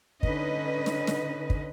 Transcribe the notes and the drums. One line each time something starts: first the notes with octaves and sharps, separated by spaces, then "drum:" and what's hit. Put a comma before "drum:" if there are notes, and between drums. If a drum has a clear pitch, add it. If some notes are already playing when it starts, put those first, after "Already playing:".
D3 C#4 D#4 B4 D#5, drum: kick
drum: snare
drum: snare
drum: kick